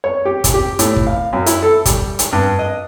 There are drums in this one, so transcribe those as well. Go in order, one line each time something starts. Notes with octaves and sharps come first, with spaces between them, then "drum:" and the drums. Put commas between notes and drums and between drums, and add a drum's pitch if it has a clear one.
C#5
G4
drum: kick, hi-hat
G4
A2, drum: hi-hat
drum: kick
F5
F#2
E4, drum: hi-hat
A4
G3, drum: kick, hi-hat
drum: hi-hat
G2
D#5